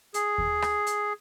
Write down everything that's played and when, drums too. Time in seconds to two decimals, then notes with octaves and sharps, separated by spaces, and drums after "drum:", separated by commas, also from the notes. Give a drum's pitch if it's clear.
0.14 G#4, drum: hi-hat
0.38 drum: kick D#2
0.62 drum: rim click
0.87 drum: hi-hat